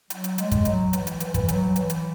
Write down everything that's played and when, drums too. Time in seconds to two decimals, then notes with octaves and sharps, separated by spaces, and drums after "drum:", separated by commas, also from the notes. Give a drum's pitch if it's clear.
0.10 F#3, drum: hi-hat
0.24 drum: hi-hat
0.38 G#3, drum: hi-hat
0.52 drum: kick, hi-hat
0.65 F#3, drum: hi-hat
0.93 E3, drum: hi-hat
1.07 drum: hi-hat
1.20 E3, drum: hi-hat
1.34 E3, drum: kick, hi-hat
1.48 F#3, drum: hi-hat
1.62 F#3
1.76 E3, drum: hi-hat
1.90 drum: hi-hat